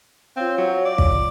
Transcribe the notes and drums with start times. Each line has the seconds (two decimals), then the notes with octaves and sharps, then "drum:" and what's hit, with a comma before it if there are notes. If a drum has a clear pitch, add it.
0.36 C4 F4 C#5 F5
0.58 F#3
0.85 D5
0.98 drum: kick